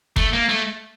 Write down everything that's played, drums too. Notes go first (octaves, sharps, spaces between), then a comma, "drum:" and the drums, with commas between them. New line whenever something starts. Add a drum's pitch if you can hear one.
A3, drum: kick
A#3
A3